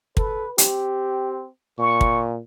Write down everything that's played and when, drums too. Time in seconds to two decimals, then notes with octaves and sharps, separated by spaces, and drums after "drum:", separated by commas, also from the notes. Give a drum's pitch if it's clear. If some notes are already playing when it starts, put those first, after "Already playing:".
0.17 A4 B4, drum: kick
0.58 C4 G4, drum: hi-hat
1.79 A#2 C#6
2.01 drum: kick